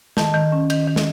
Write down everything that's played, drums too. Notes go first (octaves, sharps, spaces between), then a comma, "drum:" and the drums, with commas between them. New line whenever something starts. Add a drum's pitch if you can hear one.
D#3 A5, drum: snare
D#3
C#4
D#3, drum: cymbal
D#3
drum: snare